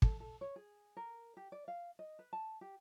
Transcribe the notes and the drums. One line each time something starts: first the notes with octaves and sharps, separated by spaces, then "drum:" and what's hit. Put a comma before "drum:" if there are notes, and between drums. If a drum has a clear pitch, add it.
A4, drum: kick
A4
C#5
G#4
A#4
G4
D5
F5
D#5
B4
A5
G4